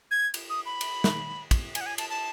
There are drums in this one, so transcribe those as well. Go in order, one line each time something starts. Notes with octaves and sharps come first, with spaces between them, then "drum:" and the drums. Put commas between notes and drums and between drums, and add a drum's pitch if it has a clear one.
G#6
drum: cymbal
D#6
B5
drum: cymbal
drum: snare
drum: kick, cymbal
G#5, drum: cymbal
F#5
G#5
A5, drum: cymbal
A5